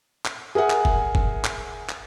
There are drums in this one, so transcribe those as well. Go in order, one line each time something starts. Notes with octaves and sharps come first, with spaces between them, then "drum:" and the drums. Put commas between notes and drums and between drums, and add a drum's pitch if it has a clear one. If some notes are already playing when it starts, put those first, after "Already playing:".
drum: clap
G#4 A#4 E5 F#5 G#5
drum: clap
drum: kick F1
drum: kick F1
drum: clap
drum: clap